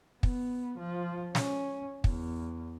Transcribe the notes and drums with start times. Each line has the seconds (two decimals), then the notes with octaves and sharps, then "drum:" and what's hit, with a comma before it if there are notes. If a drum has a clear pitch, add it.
0.23 B3, drum: kick
0.78 F3
1.35 C#4, drum: snare
2.04 E2, drum: kick